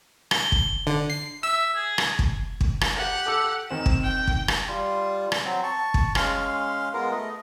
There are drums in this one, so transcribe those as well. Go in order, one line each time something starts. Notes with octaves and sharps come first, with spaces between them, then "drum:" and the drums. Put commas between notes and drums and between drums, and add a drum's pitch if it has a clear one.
G7, drum: rim click
drum: kick
D3
C7
E5 E6
G#4
drum: rim click
drum: kick
drum: kick
drum: rim click
G4 F#5
A4 D6 E6
D#3 C4 E7
drum: kick
G5
drum: kick
drum: rim click
G3 F4
drum: rim click
F#3 C4
A5 C#6
drum: kick
G#3 C#4 F5 C6, drum: rim click
G#3 B3 F4 A#4
A3 D#5